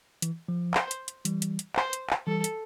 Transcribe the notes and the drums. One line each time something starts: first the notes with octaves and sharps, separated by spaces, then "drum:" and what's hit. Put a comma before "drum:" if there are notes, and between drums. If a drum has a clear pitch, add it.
E3, drum: hi-hat
F3
C5, drum: clap
drum: hi-hat
drum: hi-hat
E3 G3, drum: hi-hat
drum: hi-hat
drum: hi-hat
C5, drum: clap
drum: hi-hat
drum: clap
E3 G3 A4
drum: hi-hat